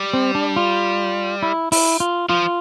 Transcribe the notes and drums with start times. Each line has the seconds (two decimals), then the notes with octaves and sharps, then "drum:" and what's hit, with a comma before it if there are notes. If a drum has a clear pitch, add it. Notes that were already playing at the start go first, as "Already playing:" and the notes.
Already playing: G3
0.14 C4
0.35 D4
0.56 F4
1.42 E4
1.72 E4, drum: open hi-hat
2.00 F4
2.29 F3 F4